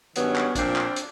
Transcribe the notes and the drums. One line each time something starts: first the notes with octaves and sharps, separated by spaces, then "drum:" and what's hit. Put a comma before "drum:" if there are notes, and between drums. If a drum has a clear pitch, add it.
G2 D#3 F#3 B3 C#4, drum: hi-hat
drum: clap
A#2 F3 C4 D4, drum: kick, hi-hat
drum: clap
drum: hi-hat